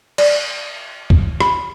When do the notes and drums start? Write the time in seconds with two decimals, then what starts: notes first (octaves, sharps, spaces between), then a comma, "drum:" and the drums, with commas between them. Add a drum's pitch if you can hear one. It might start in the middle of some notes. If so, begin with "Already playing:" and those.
0.18 D5, drum: cymbal
1.10 drum: kick
1.40 B5, drum: rim click